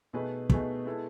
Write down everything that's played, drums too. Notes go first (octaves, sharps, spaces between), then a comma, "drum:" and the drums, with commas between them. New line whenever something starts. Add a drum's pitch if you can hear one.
B2 A3 D#4 G#4 B4
B2 A3 D#4 G#4 B4, drum: kick
G#3 B3 E4 A4